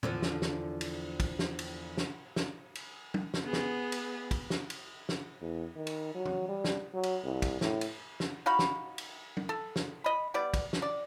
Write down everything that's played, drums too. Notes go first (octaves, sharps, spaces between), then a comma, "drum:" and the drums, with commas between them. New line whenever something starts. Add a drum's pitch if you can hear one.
E2 D3 F3, drum: tom A2
drum: snare
drum: snare
drum: cymbal
drum: kick, cymbal
drum: snare
drum: cymbal
drum: snare
drum: snare
drum: cymbal
drum: tom
drum: snare
B3 G#4
drum: snare
drum: cymbal
drum: kick, cymbal
drum: snare
drum: cymbal
drum: snare
E2
D#3
drum: cymbal
F#3
drum: tom
G3
drum: snare
F#3
drum: cymbal
C2
drum: kick, cymbal
A2, drum: snare
drum: cymbal
drum: snare
D#4 F#4 F5 B5
drum: snare
drum: cymbal
drum: tom
A4
drum: snare
D#5 B5
G3 B3 D5
drum: kick, cymbal
drum: snare
D5